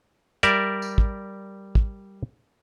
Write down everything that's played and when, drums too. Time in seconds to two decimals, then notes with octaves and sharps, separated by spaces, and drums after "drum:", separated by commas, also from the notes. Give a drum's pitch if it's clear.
0.43 G3 A#4 D5 E5, drum: hi-hat
0.82 drum: tambourine
0.98 drum: kick
1.75 drum: kick